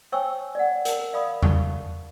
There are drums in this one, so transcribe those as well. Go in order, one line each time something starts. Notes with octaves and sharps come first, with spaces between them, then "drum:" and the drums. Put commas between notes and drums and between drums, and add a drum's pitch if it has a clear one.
C5 C#5 G5 G#5 C#6 E6
D5 F#5
A#4 A5, drum: hi-hat
D5 F5 B5 D#6
A5 C#6, drum: tom E2